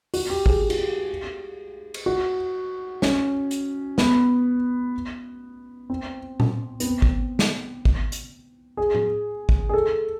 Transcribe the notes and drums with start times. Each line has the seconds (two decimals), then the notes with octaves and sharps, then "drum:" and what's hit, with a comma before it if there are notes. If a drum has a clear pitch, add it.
0.14 F#4, drum: open hi-hat
0.30 G4
0.46 G#4, drum: kick G#1
0.61 G4
0.70 F#4, drum: cymbal
0.78 G4
1.94 drum: cymbal
2.06 F#4
3.02 C#4, drum: snare
3.51 drum: hi-hat
3.98 B3, drum: snare
5.90 C4
6.40 drum: tom A#2
6.80 B3, drum: hi-hat
6.86 C4
7.02 drum: kick G#1
7.39 drum: snare
7.85 drum: kick G#1
8.12 drum: hi-hat
8.77 G#4
8.95 drum: tom A2
9.49 drum: kick G#1
9.69 G#4
9.74 A4